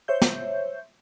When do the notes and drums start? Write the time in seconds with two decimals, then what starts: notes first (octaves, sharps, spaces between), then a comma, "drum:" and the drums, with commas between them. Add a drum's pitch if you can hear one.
0.08 C5 C#5 E5 G6
0.22 drum: snare